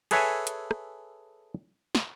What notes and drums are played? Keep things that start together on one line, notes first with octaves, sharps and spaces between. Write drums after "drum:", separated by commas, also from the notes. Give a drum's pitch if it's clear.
G#4 A4 B4 C#5 E5 G#5, drum: cymbal
drum: hi-hat
drum: rim click
drum: snare